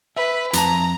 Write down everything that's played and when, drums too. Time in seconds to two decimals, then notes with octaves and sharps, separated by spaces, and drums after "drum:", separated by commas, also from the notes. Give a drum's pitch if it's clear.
0.17 B4 E5
0.53 F2 A5 A#5, drum: hi-hat